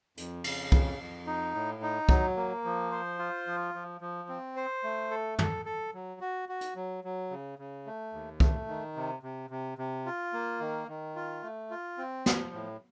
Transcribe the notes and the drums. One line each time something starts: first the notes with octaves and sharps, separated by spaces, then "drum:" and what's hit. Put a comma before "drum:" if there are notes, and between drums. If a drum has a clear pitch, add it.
F2, drum: hi-hat
C#3, drum: cymbal
F2, drum: kick
F2
D#4
A2
D#4
F#3, drum: kick
A#3
F3
C5
F4
F3
F3
F3
C4
C5
A3
A4
A4, drum: tom
A4
F#3
F#4
F#4
drum: hi-hat
F#3
F#3
C#3
C#3
A3
D#2
A3, drum: kick
D#3
C3
C3
C3
C3
F4
A#3
D#3
D#3
F4
A3
F4
C4
F3, drum: snare
A2